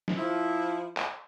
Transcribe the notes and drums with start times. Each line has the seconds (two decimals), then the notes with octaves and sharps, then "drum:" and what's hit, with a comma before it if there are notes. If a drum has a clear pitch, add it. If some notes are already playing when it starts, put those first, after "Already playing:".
0.08 drum: snare
0.18 F3 E4
0.97 drum: clap